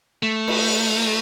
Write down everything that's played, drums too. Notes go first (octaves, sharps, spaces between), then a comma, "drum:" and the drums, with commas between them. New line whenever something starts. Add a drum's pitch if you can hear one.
A3
drum: cymbal